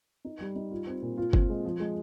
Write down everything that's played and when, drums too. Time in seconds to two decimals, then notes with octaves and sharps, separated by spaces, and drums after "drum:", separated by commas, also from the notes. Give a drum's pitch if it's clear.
0.25 D#4
0.40 G3
0.55 D#4
0.71 F4
0.87 C4
1.02 A#2
1.17 F4
1.33 C4, drum: kick G1
1.49 G#3
1.65 F3
1.80 G#3